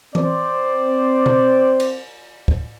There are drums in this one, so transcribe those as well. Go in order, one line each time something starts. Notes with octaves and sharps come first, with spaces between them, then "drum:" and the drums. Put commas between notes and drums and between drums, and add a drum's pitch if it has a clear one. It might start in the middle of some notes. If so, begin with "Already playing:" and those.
C4 C5 D5, drum: tom E3
drum: tom B2
drum: cymbal
drum: kick